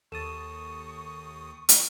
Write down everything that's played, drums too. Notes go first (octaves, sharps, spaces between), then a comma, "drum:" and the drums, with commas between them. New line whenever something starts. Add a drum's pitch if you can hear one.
D#2 A4 C#6 D#6 A6 D#7 E7
drum: hi-hat